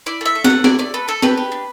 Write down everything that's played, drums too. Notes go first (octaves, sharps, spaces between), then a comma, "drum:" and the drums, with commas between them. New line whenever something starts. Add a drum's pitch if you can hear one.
E4 D5
A3 E5
A4
F#5, drum: snare
A3
E4 D5, drum: snare
A3 D5
A4 B4
A3 A4
G4 B4, drum: snare
G4
D4